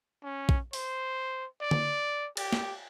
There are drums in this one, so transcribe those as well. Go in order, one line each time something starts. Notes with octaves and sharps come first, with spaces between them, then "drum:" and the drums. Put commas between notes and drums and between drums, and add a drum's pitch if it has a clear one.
C#4
drum: kick
C5, drum: open hi-hat
D5
drum: tom D3
G4, drum: cymbal
drum: snare